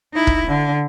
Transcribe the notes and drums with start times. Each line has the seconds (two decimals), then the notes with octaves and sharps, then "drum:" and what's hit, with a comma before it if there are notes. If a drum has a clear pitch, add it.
0.13 D#4 E4
0.27 drum: kick
0.47 D3